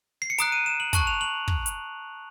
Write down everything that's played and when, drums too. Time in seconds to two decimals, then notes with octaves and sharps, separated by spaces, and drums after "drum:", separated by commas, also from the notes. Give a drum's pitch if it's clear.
0.22 C7
0.30 C#7
0.38 A#5 D#6 F#6 D7, drum: hi-hat
0.52 D#7
0.66 E7
0.80 F#7
0.93 A5 C#6 F#6 F#7, drum: kick, hi-hat
1.07 F7
1.21 F#7
1.48 drum: kick
1.66 drum: hi-hat